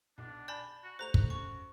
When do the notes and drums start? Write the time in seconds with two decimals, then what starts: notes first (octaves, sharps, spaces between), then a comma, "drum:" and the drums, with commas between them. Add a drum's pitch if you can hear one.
0.18 B1 D4
0.48 D5 G#5 A5 B5 G6
0.84 F#4
0.99 A3 F#4 C5 A#5 F#6 F7
1.14 drum: kick
1.30 F#2 C#6